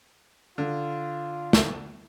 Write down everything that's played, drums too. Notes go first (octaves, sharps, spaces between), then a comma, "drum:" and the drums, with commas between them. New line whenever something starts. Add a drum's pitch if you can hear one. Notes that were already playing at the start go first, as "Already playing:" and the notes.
D3 F4
drum: snare